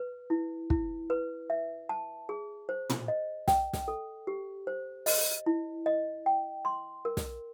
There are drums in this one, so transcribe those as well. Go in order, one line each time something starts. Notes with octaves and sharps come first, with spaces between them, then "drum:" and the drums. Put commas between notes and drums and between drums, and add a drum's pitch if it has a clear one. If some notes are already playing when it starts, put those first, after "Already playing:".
Already playing: B4
E4
E4, drum: kick
B4
E5
A5
G#4
C5
drum: tom
D#5
G5, drum: snare
drum: snare
A4
G4
C5
D#5, drum: open hi-hat
E4
D#5
G5
C6
A#4
drum: snare